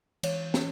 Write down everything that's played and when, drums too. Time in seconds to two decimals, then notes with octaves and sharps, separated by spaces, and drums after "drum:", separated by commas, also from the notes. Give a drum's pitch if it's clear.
0.23 E3 C#5, drum: cymbal
0.54 C#4, drum: snare